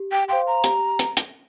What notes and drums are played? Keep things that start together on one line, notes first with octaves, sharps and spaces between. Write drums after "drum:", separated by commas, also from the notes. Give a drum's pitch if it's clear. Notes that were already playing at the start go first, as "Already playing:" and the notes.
Already playing: G4
G5
C5 F5 G5 C6
A#5
G4, drum: hi-hat
drum: hi-hat
drum: hi-hat